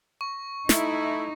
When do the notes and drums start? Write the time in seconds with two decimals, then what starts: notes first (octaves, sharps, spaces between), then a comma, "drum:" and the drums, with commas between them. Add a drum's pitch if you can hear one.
0.21 C#6
0.69 A3 D#4 E4, drum: snare